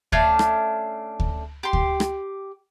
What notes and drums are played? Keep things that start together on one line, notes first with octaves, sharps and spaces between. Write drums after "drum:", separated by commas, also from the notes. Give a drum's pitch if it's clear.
A3 C#4 D4 F5, drum: kick D2
drum: rim click
drum: kick D2
G4 C6
drum: kick D2
drum: rim click